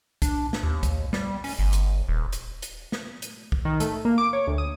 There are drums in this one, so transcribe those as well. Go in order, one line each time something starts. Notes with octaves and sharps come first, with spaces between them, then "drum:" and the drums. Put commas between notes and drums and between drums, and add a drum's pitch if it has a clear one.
D4, drum: kick B1, hi-hat
drum: snare
D#2
drum: kick B1, hi-hat
G3, drum: snare
C#4, drum: open hi-hat
G1
drum: hi-hat
D#1
drum: hi-hat
drum: hi-hat
drum: snare
drum: hi-hat
drum: kick B1
D#3
A3, drum: hi-hat
A#3
D6
C#5
D2
D#6